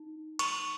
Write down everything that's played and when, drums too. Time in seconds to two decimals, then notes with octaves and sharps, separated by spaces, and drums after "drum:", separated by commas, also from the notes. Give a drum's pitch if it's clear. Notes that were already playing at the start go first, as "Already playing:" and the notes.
Already playing: D#4
0.39 C#6, drum: cymbal